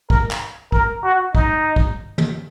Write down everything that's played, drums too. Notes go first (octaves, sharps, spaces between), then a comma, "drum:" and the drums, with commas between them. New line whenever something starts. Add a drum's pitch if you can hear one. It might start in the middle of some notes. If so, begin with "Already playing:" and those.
A#4, drum: kick
drum: clap
A#4, drum: kick
F#4
D#4, drum: kick
drum: kick
drum: tom